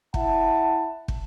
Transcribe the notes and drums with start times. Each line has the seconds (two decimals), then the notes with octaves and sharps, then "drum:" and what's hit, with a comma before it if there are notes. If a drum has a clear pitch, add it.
0.14 E4 E5 F#5 A5, drum: kick
1.08 drum: kick